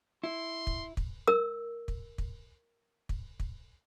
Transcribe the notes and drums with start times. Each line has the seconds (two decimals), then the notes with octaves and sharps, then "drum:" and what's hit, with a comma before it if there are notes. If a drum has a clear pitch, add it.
0.24 E4 C6
0.67 drum: kick
0.97 drum: kick
1.27 A#4 E6
1.88 drum: kick
2.18 drum: kick
3.09 drum: kick
3.40 drum: kick